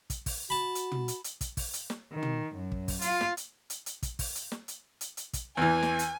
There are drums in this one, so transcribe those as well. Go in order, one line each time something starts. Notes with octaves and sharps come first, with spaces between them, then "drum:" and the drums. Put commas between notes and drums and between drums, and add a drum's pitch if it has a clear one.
drum: kick, hi-hat
drum: kick, open hi-hat
F#4 A5 B5
drum: hi-hat
drum: tom
drum: hi-hat
drum: hi-hat
drum: kick, hi-hat
drum: kick, open hi-hat
drum: hi-hat
drum: snare
D#3
drum: tom
F#2
drum: kick
drum: kick, open hi-hat
F4, drum: hi-hat
drum: snare
drum: hi-hat
drum: hi-hat
drum: hi-hat
drum: kick, hi-hat
drum: kick, open hi-hat
drum: hi-hat
drum: snare
drum: hi-hat
drum: hi-hat
drum: hi-hat
drum: kick, hi-hat
E2 E3 G#5
drum: snare
drum: hi-hat